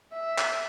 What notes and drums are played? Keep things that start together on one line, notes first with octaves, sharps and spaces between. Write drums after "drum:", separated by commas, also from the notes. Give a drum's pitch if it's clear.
E5
drum: clap